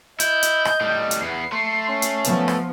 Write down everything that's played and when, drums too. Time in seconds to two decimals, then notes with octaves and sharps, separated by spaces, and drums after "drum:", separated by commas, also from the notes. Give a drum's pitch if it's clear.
0.20 E4 D#5 G6, drum: hi-hat
0.43 drum: hi-hat
0.65 drum: rim click
0.81 A2 G3
1.11 drum: hi-hat
1.21 E2 B3 C7
1.52 A3 C6
1.89 C#4
2.02 drum: hi-hat
2.24 F3 B3, drum: hi-hat
2.48 drum: rim click